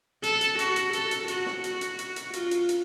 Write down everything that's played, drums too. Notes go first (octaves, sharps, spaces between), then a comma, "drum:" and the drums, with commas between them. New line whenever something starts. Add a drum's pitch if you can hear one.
A4, drum: hi-hat
drum: hi-hat
F#4, drum: hi-hat
drum: hi-hat
A4, drum: hi-hat
drum: hi-hat
F#4, drum: hi-hat
drum: snare
F#4, drum: hi-hat
drum: hi-hat
drum: hi-hat
drum: hi-hat
F4, drum: hi-hat
drum: hi-hat
drum: hi-hat